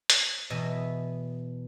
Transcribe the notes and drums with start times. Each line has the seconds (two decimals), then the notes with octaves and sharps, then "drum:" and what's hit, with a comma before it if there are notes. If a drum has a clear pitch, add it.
0.10 drum: hi-hat
0.50 E2 B2 D#5 E5